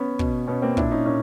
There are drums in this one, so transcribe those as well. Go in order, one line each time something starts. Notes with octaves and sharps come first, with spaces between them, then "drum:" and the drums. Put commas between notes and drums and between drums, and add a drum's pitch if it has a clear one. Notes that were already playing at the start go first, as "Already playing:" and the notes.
Already playing: B3 C#4
B2, drum: kick
B2 B3 C#4
A#3 C4
A#2 D4 E4, drum: kick
C#4 D#4
A#2 C#4 D#4